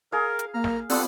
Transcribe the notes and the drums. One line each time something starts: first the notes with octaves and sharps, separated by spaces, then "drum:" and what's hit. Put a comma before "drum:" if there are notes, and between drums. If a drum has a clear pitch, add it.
G#4 A#4 F5
drum: hi-hat
A#3 A#5 F6
drum: snare
G3 B3 C4 F4 A4 F#5, drum: open hi-hat